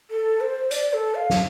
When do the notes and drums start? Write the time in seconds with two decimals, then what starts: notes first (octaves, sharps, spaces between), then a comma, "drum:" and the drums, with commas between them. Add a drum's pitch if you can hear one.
0.11 A4
0.41 C5
0.71 D5, drum: hi-hat
0.93 A4
1.15 F5
1.30 drum: snare